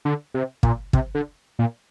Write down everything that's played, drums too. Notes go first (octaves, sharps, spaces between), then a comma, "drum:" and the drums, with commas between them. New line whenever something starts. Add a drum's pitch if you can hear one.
D3
C3
A#2, drum: kick
C3, drum: kick
D3
A#2